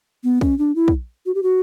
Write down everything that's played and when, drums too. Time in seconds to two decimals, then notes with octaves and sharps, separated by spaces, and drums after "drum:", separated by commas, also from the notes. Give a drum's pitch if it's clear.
0.24 B3
0.41 C#4, drum: kick
0.59 D4
0.75 E4
0.88 drum: kick
1.26 F#4
1.35 G4
1.43 F#4